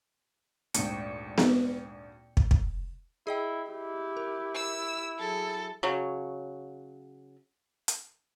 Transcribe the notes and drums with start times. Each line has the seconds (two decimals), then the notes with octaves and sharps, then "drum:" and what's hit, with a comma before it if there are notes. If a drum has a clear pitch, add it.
0.74 G#1 D2 A#2 G5 C#7, drum: hi-hat
1.38 drum: snare B3
2.37 drum: kick
2.51 drum: kick
3.27 E4 G#4 D#5 G5
3.70 E4 G4
4.17 A#4
4.55 E6
5.19 F#3 G#4 A4
5.83 C#3 F#3
7.88 drum: hi-hat